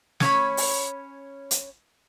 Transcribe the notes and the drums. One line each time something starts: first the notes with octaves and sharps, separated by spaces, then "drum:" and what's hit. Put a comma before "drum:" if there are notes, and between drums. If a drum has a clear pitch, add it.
C#4 C#5 B5, drum: snare
drum: open hi-hat
drum: hi-hat